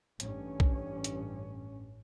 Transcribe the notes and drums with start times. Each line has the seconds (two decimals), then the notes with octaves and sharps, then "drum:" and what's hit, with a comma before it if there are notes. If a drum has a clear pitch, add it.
0.20 A1 G2 C#4, drum: hi-hat
0.60 drum: kick B1
1.04 drum: hi-hat